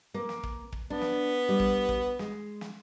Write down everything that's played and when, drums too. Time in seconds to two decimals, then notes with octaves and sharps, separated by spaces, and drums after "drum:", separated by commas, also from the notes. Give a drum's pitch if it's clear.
0.14 A#3
0.29 drum: snare
0.43 drum: kick
0.72 drum: kick
0.90 B3 D4
1.01 drum: snare
1.49 G3
1.60 drum: kick
1.89 drum: kick
2.19 G#3, drum: snare
2.61 drum: snare